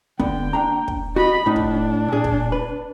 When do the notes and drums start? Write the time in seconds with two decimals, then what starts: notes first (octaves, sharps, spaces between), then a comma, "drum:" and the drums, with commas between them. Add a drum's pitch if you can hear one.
0.20 D3 B3 G5, drum: kick
0.53 A#3 D4 A#5
0.88 drum: kick
1.16 F#4 D#5 B5
1.46 A2 D4 D#4
1.56 drum: kick
2.08 A#2 G#4
2.24 drum: kick
2.52 B4